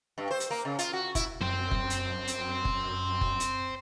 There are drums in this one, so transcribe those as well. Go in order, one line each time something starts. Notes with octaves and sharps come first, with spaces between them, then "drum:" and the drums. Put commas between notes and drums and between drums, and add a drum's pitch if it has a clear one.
G2
C5
drum: hi-hat
A#3
C#3
F4, drum: hi-hat
F#4
E4, drum: kick F1, hi-hat
F#2 C5 G5
drum: kick F1
drum: hi-hat
drum: hi-hat
drum: kick F1
drum: kick F1
drum: hi-hat